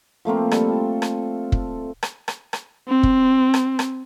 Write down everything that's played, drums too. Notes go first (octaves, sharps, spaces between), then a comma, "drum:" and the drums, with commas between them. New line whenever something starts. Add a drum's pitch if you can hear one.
F3 A3 A#3 C4
G3 A4, drum: rim click
F4
drum: rim click
drum: kick
drum: rim click
drum: rim click
drum: rim click
C4
drum: kick
drum: rim click
drum: rim click